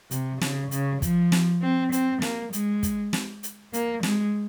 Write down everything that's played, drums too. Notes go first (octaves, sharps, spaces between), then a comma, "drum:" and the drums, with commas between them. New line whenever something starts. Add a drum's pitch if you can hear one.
C3, drum: hi-hat
C#3, drum: snare
C#3, drum: hi-hat
F3, drum: kick, hi-hat
drum: snare
C4
C4, drum: hi-hat
A#3, drum: snare
G#3, drum: hi-hat
drum: kick, hi-hat
drum: snare
drum: hi-hat
A#3, drum: hi-hat
G#3, drum: snare